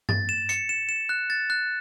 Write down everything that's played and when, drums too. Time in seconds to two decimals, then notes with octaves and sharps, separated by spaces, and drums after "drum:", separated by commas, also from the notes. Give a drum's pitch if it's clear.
0.09 A6, drum: tom G2
0.29 E7
0.49 C#7, drum: hi-hat
0.69 E7
0.89 E7
1.09 F#6
1.30 A6
1.50 F#6